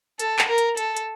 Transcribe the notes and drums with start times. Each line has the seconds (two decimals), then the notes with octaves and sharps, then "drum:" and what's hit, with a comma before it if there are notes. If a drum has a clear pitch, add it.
0.19 A4, drum: hi-hat
0.39 drum: clap
0.48 A#4
0.58 drum: hi-hat
0.77 A4, drum: hi-hat
0.97 drum: hi-hat